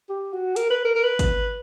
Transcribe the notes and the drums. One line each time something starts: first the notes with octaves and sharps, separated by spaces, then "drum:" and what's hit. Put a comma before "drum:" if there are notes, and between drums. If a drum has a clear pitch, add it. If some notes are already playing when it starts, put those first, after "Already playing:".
G4
F#4
A#4, drum: hi-hat
B4
A#4
A#4
B4
drum: kick, hi-hat